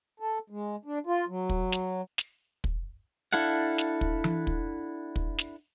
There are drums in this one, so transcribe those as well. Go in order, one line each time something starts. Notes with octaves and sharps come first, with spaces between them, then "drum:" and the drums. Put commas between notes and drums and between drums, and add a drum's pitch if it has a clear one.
A4
G#3
D4
F4
F#3
drum: kick
drum: snare
drum: snare
drum: kick
D4 E4 A4 F5 F#5
drum: snare
drum: kick
drum: tom E3
drum: kick
drum: kick
drum: snare